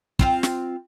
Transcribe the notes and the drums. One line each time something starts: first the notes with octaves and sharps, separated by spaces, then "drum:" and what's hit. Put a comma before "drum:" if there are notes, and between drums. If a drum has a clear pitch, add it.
C4 F4 F5, drum: kick
drum: snare